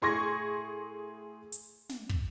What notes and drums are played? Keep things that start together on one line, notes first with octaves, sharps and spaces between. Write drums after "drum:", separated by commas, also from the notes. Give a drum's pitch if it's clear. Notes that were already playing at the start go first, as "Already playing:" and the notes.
A2 G#4 C6 C#6 G#6 A#6
drum: hi-hat
drum: snare
drum: kick